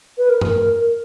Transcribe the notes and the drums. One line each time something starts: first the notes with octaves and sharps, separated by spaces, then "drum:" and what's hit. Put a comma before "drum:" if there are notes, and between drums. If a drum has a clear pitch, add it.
B4
A#4
drum: tom G2